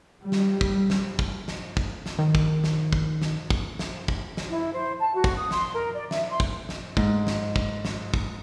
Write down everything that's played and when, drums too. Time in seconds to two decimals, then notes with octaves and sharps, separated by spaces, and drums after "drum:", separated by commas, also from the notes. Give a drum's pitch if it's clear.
0.22 G3
0.32 drum: snare
0.61 drum: kick
0.90 drum: snare
1.19 drum: kick
1.48 drum: snare
1.77 drum: kick
2.06 drum: snare
2.19 D#3
2.35 drum: kick
2.64 drum: snare
2.93 drum: kick
3.21 drum: snare
3.50 drum: kick
3.79 drum: snare
4.08 drum: kick
4.37 drum: snare
4.50 E4
4.72 C5
5.00 A5
5.14 F#4
5.24 drum: kick
5.37 D#6
5.51 C6, drum: snare
5.75 A#4
5.93 D5
6.11 E5, drum: snare
6.30 C6
6.40 drum: kick
6.69 drum: snare
6.97 G#2, drum: kick
7.27 drum: snare
7.56 drum: kick
7.85 drum: snare
8.14 drum: kick